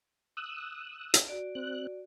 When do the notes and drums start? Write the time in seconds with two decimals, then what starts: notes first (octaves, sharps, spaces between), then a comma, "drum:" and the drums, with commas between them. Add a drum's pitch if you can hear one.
0.37 D#6 E6 F#6
1.14 drum: hi-hat
1.28 F#4 D5
1.55 C4 F#6